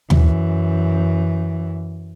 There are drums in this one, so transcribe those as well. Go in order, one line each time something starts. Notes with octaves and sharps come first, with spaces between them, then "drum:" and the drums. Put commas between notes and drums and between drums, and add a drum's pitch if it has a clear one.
F#2 E3, drum: tom D#2